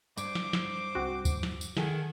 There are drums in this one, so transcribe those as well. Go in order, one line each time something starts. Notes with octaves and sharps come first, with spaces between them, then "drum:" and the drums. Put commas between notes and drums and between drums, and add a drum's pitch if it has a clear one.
G2 C5 D6, drum: tambourine
drum: snare
drum: snare
C2 C4 F#4
drum: kick, tambourine
drum: snare
drum: tambourine
D#3 E4 G#4 A4 F#5 G#5, drum: snare